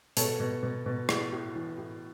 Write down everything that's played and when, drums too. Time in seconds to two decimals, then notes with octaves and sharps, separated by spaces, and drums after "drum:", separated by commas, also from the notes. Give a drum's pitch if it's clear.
0.17 B2 A4 C#5, drum: hi-hat
0.40 B2
0.63 B2
0.86 B2
1.09 A2, drum: rim click
1.32 A2
1.55 E3
1.78 A2